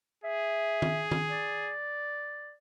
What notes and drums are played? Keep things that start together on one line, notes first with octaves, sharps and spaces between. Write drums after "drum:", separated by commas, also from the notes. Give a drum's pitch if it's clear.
G#4 E5
drum: tom
drum: tom
D5